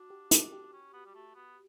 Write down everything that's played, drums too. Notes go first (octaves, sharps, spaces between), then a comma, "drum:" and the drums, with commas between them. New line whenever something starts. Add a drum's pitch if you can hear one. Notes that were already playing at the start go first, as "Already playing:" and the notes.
Already playing: D4 F#4
G4
G4, drum: hi-hat
G4
C#4
B3
G3
A3
B3